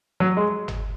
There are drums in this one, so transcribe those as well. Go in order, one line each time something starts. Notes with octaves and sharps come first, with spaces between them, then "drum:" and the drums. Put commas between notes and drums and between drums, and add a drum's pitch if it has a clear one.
F#3
G#3
drum: tom